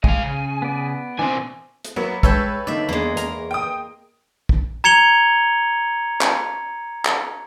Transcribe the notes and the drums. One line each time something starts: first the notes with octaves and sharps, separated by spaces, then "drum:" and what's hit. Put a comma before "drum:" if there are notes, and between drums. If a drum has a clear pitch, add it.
G#3 F5 G#5, drum: kick
C#3
B3 D5
B2 E3 C4 D4 C5 G#5
drum: hi-hat
F#3 A#3 B3 C#5 E5
G#3 A4 B4 C#5 E5 G5 E6, drum: kick
D3 A#3 D#4 D5 E5
E2 G#3 A#3 B3 D4
E2 A#4 A#5, drum: hi-hat
G5 D#6
drum: kick
A#5 G#6 C#7 F7 G7
drum: clap
drum: clap